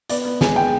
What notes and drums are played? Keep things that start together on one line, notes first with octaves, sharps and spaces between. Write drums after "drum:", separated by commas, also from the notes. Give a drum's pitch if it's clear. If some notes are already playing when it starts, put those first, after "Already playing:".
B3 D5, drum: hi-hat
B3
G#3 G#5, drum: snare
G#3 G5